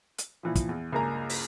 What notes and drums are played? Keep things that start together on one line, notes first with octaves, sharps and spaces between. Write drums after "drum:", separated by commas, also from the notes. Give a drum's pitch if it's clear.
drum: hi-hat
A#2 E3 F3
drum: kick, hi-hat
E2
C#2 G2 A#3 G#5 A#5
drum: open hi-hat